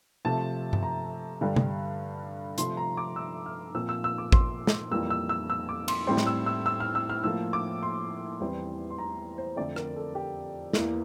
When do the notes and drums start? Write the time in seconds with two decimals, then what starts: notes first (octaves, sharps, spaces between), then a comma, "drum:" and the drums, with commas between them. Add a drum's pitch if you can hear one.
0.25 C3 F3 A3 A5
0.73 drum: tom G2
0.83 A#5
1.41 G2 D3 G3
1.56 drum: tom
2.58 C3 F3 A3 C6, drum: hi-hat
2.77 A#5
2.97 D6
3.16 E6
3.46 F6
3.74 A#2 F3 C4 E6
3.89 E6
4.04 E6
4.18 D6
4.32 C6, drum: kick
4.67 drum: snare
4.91 F2 E3 G3 A#3 E6
5.10 E6
5.29 E6
5.50 E6
5.69 D6
5.88 C6, drum: cymbal
6.07 A2 G3 C4 C6
6.17 drum: snare
6.27 E6
6.46 E6
6.66 E6
6.80 F6
6.95 E6
7.10 F6
7.24 A2 F3 A#3 E6
7.53 D6
7.83 C6
8.40 E2 E3 G3 C4
8.90 C6
8.98 A#5
9.38 C5
9.56 F2 D3 A3 C4 D5
9.76 A#4, drum: rim click
9.96 A4
10.15 G4
10.73 E2 E3 A#3, drum: snare